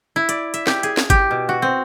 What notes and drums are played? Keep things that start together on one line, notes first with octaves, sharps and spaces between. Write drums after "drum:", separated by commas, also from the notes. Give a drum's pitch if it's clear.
E4
D5, drum: hi-hat
E5, drum: hi-hat
G4, drum: snare
G#4, drum: hi-hat
drum: snare
G4, drum: kick, hi-hat
B2
F#4
C4